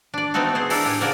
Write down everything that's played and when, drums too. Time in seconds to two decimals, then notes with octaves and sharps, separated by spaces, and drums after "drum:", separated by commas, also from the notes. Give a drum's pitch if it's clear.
0.14 D4 D5
0.34 A3 B3 C4 D#4 F#4 A4
0.55 G#4 A4 C5
0.70 D4 E4 A4 A#4, drum: open hi-hat
0.85 A2 G4 G#5
1.00 C#3 F3 A#3 F#4 A#4 D5